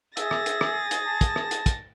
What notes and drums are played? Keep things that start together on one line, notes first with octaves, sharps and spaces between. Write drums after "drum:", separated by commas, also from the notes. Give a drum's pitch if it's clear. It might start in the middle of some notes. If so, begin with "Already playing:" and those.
G#4 E5 A6 A#6, drum: hi-hat
drum: rim click
drum: hi-hat
drum: rim click
drum: hi-hat
A5
drum: kick, hi-hat
drum: rim click
drum: hi-hat
drum: kick, hi-hat